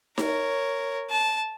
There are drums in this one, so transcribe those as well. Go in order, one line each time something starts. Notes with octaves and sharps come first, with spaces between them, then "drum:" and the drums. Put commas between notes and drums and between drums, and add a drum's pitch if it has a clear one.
A#4 C#5, drum: snare D#4
A5